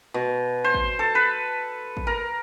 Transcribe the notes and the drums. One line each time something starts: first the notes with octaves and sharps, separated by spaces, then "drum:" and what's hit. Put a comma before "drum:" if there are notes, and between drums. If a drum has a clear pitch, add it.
B2
C5
drum: kick G#1
A4
B4
drum: kick G#1
A#4